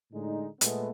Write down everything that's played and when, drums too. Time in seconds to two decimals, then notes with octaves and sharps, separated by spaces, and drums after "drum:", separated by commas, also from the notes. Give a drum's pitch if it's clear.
0.13 A2 D3 G#3 D#4
0.61 A#2 G#3 A3 B3, drum: hi-hat